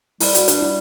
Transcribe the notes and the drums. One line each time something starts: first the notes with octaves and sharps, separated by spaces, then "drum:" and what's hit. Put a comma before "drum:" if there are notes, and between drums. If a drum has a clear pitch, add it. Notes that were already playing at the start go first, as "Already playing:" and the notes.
G3 E4, drum: open hi-hat
F#4, drum: hi-hat
D4, drum: hi-hat
E4